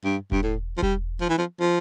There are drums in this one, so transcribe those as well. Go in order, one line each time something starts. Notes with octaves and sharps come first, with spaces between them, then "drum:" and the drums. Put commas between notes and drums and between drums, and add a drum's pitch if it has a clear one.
G2
G2, drum: kick E1
A2
F3
G3, drum: kick E1
F3
E3
F3
F3